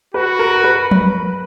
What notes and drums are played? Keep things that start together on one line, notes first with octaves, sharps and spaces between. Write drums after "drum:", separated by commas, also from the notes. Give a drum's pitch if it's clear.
F#4 B4
A#4
B4
drum: tom F3